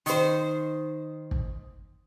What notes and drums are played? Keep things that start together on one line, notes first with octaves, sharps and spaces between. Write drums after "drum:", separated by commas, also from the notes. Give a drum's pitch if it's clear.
D#3 C5, drum: hi-hat
drum: kick